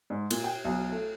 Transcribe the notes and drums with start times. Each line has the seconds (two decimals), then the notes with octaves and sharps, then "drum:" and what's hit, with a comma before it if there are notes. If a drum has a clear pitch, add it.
0.10 G#2
0.31 A#2, drum: cymbal
0.44 G5
0.65 B1
0.92 A3